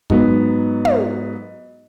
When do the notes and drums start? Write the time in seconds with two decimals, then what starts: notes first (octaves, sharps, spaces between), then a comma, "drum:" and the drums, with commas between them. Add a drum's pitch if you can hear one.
0.10 G#2 F#3 B3, drum: kick
0.85 drum: tom